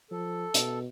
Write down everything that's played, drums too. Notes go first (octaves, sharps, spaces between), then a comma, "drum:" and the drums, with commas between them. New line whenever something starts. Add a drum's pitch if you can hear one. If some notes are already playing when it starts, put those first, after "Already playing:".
F3 A4
B2, drum: hi-hat